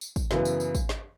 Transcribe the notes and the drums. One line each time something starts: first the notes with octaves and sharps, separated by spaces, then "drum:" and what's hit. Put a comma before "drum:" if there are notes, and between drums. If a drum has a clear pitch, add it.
drum: tambourine
drum: kick, tambourine
F#2 C#3 E3 B3, drum: snare
drum: tambourine
drum: tambourine
drum: kick, tambourine
drum: snare